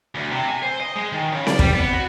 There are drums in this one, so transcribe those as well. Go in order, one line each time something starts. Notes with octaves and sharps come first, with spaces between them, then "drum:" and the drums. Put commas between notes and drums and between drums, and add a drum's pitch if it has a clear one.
D2
C3
G#5
C5
D#5
G#3
D#3
C#3
D5, drum: snare C4
G3, drum: kick
B3
F#4